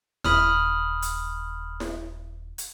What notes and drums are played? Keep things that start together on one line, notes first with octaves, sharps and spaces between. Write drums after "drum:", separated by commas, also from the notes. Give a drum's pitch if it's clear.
D#1 B5 D#6 F6, drum: snare E4
drum: hi-hat
drum: snare E4
drum: hi-hat